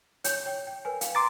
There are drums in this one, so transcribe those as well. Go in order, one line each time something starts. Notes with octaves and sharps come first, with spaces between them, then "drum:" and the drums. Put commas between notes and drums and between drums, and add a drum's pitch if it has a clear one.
C#5 G6, drum: hi-hat
C#5 G5
G5
A#4 B4 G#5
F5, drum: hi-hat
A#5 C6 D6 A6